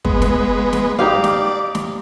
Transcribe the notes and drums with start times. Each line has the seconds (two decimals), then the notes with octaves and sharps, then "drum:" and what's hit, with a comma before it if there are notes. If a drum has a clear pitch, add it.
0.05 G#3 B3, drum: kick
0.22 drum: snare
0.73 drum: snare
0.99 D#4 G4 D5 F5
1.24 drum: snare
1.75 drum: snare